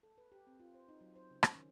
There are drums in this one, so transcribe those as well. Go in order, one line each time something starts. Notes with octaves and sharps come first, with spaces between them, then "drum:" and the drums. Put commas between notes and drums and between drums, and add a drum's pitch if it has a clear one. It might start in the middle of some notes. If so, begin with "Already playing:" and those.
A4
B4
G4
C4
F4
C5
D#4
F#3
C5
C#3
C#4, drum: rim click
D#3